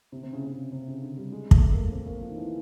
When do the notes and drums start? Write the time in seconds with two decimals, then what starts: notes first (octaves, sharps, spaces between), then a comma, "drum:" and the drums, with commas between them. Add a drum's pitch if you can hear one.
0.12 C3
0.23 C3
0.33 C#3
0.46 C3
0.52 C#3
0.72 C3
0.88 C#3
1.02 D3
1.17 G3
1.32 G#3
1.51 A3, drum: kick
1.72 A#3
1.92 C4
2.06 A#3
2.21 F3
2.30 D#3
2.37 E3